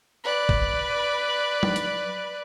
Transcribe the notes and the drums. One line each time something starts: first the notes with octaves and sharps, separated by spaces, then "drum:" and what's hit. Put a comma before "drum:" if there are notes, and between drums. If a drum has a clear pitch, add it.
B4 D5
drum: kick
drum: tom F#3
drum: hi-hat